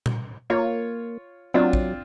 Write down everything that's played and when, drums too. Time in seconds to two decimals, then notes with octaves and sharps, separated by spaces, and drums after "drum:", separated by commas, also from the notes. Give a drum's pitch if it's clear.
0.06 drum: tom A#2
0.50 A#3 F4 C#5
1.54 F#3 C4 D4 F4
1.73 drum: kick A1